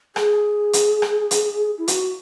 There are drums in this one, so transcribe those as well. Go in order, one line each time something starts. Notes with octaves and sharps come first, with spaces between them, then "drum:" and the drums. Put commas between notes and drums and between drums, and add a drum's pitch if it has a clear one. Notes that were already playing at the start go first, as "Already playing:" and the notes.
G#4, drum: rim click
drum: hi-hat
drum: rim click
drum: hi-hat
E4
F#4, drum: hi-hat